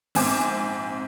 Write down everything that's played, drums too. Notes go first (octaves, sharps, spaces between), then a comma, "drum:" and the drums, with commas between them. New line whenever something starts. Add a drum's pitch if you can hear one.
A#1 G#2 C4 G#5 D6, drum: open hi-hat